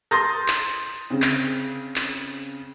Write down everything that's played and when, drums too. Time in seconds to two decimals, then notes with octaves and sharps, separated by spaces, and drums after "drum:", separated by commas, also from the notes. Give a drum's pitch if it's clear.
0.11 C6 D#6 G6 A6 A#6
0.48 drum: clap
1.10 C#3 C4
1.22 drum: clap
1.96 drum: clap